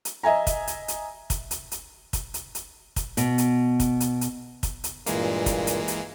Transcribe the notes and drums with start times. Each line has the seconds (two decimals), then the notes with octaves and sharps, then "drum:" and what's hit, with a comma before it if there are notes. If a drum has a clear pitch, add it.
0.05 drum: hi-hat
0.23 D#5 E5 G#5 A#5
0.47 drum: kick, hi-hat
0.67 drum: hi-hat
0.88 drum: hi-hat
1.30 drum: kick, hi-hat
1.51 drum: hi-hat
1.71 drum: hi-hat
2.13 drum: kick, hi-hat
2.34 drum: hi-hat
2.55 drum: hi-hat
2.96 drum: kick, hi-hat
3.17 B2, drum: hi-hat
3.38 drum: hi-hat
3.80 drum: kick, hi-hat
4.00 drum: hi-hat
4.21 drum: hi-hat
4.63 drum: kick, hi-hat
4.84 drum: hi-hat
5.06 G2 A#2 E3 G#3 A#3, drum: hi-hat
5.46 drum: kick, hi-hat
5.67 drum: hi-hat
5.88 drum: hi-hat